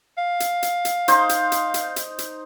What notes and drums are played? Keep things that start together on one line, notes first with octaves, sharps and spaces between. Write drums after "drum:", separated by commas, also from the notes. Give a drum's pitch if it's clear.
F5
drum: hi-hat
drum: hi-hat
drum: hi-hat
D#4 C5 D#5, drum: hi-hat
drum: hi-hat
drum: hi-hat
drum: hi-hat
drum: hi-hat
drum: hi-hat